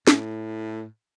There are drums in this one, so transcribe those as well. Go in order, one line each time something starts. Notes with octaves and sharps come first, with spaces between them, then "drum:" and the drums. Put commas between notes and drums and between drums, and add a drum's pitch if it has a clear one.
A2, drum: snare